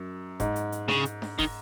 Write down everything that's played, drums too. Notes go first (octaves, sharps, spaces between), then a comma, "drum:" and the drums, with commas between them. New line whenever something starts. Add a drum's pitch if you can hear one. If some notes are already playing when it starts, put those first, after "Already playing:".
Already playing: F#2
G#2, drum: kick F1, hi-hat
drum: hi-hat
drum: hi-hat
C#3, drum: snare D4
drum: hi-hat
drum: snare D4
D#3, drum: kick F1, open hi-hat